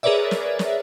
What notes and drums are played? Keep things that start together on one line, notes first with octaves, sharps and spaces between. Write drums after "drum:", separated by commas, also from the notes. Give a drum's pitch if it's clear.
G#4 A#4 B4 C#5 D5 E5
drum: snare
drum: snare